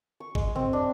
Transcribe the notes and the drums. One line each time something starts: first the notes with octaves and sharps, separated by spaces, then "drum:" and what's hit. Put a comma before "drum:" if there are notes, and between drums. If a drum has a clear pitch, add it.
C#6
G#3, drum: kick
C4, drum: tom
D4